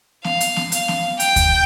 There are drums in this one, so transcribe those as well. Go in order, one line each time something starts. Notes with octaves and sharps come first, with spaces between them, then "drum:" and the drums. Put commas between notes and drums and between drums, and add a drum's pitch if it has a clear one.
F5, drum: snare B3
drum: hi-hat
drum: snare B3
F5, drum: hi-hat
drum: snare B3
G5, drum: hi-hat
drum: kick D2, hi-hat